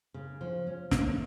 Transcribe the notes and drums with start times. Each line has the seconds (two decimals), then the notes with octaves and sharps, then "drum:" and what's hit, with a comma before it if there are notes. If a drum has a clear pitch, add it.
0.14 C#3
0.41 F3
0.67 C#4
0.91 A#3, drum: snare